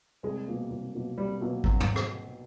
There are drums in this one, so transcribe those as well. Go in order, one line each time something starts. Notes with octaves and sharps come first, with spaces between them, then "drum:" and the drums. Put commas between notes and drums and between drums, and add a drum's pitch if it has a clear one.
C2 G#3
B2 F#3 A#3
C2
B2 F#3 A#3
C2 G3
B2 F#3 A#3
C2 F#3, drum: kick G#1
drum: tom
drum: rim click